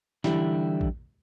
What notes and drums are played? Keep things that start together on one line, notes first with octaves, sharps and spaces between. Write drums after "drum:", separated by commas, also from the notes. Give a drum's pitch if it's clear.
D3 E3 G3 E4 G4, drum: snare
drum: kick A#1